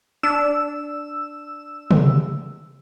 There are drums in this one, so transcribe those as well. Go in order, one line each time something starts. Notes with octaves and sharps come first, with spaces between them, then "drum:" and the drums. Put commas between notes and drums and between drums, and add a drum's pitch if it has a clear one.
D4 E6
drum: tom